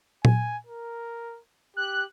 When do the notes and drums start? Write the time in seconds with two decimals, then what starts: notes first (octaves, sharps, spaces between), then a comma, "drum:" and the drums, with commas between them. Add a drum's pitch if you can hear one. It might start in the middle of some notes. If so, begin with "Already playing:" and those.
0.25 G#5, drum: tom A#2
0.67 A#4
1.77 G4 F#6